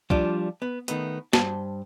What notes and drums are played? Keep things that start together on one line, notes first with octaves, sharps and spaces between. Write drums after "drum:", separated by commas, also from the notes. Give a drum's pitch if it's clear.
F3 G3 D4 F4, drum: kick C2
B3
D#3 A3 B3, drum: hi-hat
G2 C5 A5, drum: snare